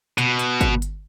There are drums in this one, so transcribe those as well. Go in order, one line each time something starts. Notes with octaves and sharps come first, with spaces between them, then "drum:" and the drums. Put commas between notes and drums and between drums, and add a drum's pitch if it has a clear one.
B2, drum: hi-hat
drum: hi-hat
drum: kick G1, hi-hat
drum: hi-hat